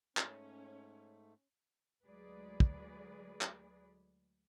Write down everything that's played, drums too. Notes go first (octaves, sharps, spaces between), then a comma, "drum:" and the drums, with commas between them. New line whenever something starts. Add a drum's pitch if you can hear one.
G#2 A3 C#4, drum: clap
D2 F#3 G#3 G#4 B4 D5
drum: kick
drum: clap